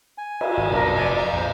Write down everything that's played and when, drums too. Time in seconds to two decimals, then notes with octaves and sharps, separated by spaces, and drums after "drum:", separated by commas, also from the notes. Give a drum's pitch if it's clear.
0.18 G#5
0.41 drum: cymbal
0.57 G#1
0.72 F1 B1 D4 A#4
0.96 F1 A2 C3 D5 G#5
1.18 A#5
1.33 A#1 F2 C5